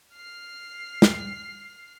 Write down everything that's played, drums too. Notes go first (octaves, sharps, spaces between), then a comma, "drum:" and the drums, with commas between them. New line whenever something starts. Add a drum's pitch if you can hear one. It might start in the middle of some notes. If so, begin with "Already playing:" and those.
F6 C7
drum: snare